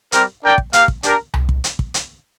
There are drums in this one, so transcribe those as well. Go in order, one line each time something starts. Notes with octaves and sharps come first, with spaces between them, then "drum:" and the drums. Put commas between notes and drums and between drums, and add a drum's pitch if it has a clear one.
G3 C4 G4 A#4, drum: hi-hat
D4 A#4 D5 G5
drum: kick
A#3 G4 A#4 F5, drum: hi-hat
drum: kick
D4 G4 A#4, drum: hi-hat
drum: tom C2
drum: kick
drum: hi-hat
drum: kick
drum: hi-hat